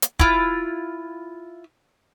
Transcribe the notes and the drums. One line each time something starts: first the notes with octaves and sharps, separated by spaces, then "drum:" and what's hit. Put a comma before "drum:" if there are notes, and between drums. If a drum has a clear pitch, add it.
drum: hi-hat
E4 F4, drum: kick